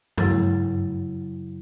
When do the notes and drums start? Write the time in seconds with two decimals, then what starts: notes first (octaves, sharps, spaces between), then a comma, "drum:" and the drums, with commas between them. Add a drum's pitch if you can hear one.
0.18 F#2 C#3 F#3 E4, drum: tom G2